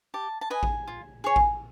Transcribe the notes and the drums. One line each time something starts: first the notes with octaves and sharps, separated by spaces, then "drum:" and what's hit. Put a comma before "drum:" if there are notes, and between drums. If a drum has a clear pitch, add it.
G4 A5
A5
B4 D#5 G#5
drum: kick A1
F4
G#4 C#5
drum: kick A1